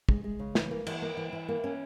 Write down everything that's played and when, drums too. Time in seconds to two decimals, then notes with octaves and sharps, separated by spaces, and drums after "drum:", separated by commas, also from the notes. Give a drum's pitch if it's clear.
0.09 G#3, drum: kick
0.24 G#3
0.39 C#3
0.55 E3, drum: snare
0.71 A#3
0.87 E3, drum: cymbal
1.02 A#3
1.17 E3
1.33 E3
1.49 A#3
1.64 C#4